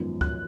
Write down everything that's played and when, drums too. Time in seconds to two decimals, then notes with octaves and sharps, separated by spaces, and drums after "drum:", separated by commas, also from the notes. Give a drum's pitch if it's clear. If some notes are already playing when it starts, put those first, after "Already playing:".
Already playing: G#1 F#2 F3 B3
0.21 F#6, drum: kick D2